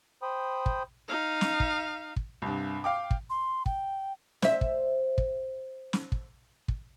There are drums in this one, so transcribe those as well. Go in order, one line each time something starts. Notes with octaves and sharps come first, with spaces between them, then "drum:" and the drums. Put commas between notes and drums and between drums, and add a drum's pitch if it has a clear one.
C5 G5 B5 D#6
drum: kick
D#4 F5
drum: snare
drum: kick
drum: kick
C2 G2
F5 G5 D6
drum: kick
C6
G5, drum: kick
C5 E5, drum: snare
drum: kick
drum: kick
drum: snare
drum: kick
drum: kick